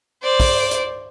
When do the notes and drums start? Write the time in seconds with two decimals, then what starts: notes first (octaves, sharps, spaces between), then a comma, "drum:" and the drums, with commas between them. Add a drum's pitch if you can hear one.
0.24 C5 D5
0.40 drum: kick, open hi-hat
0.71 drum: hi-hat